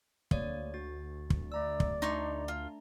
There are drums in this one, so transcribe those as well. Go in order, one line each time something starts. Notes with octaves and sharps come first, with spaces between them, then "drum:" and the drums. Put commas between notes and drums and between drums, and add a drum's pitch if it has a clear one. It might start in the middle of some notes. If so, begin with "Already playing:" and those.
D2 A#3 C#5 D5, drum: kick
F#4 A6
drum: kick
A3 D5 A#5 E6
drum: kick
A3 D4 D#4 A#5 C6 C#6
F4